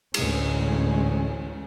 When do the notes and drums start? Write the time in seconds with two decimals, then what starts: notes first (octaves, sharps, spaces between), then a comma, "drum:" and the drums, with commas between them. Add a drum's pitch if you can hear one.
0.14 A1 D2 G#3 C#4, drum: cymbal